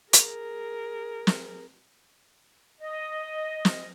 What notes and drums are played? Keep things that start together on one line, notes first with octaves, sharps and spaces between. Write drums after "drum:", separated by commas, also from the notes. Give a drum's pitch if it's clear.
G#4 A#4, drum: hi-hat
drum: snare
D#5
drum: snare